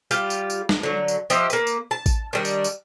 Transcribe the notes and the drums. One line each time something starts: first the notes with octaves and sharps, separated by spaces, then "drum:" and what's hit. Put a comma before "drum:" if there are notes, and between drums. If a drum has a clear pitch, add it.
G3 F4 G4 G5, drum: tambourine
drum: tambourine
drum: tambourine
drum: snare
D3 F#3
drum: tambourine
F3 G4 D#5 E5, drum: tambourine
A#3 B4, drum: tambourine
drum: tambourine
A5
drum: kick A1, tambourine
D#3 G3 D4
drum: tambourine
drum: tambourine